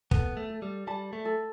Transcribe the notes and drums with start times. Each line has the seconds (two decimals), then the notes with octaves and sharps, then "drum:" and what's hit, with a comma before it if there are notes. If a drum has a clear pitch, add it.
0.11 B3 A4, drum: kick
0.37 A3
0.49 A4
0.62 G3
0.87 G3 A5
1.13 A3
1.25 A4